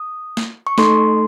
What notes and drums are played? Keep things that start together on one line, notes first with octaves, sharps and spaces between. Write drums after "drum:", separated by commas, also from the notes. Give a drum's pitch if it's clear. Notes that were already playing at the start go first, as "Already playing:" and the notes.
Already playing: D#6
drum: snare
C#6
A3 D#4 A4 C6, drum: snare